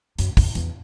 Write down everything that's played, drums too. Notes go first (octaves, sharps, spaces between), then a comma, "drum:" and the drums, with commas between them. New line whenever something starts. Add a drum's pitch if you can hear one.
F#2, drum: hi-hat
E2, drum: kick, open hi-hat
E2, drum: hi-hat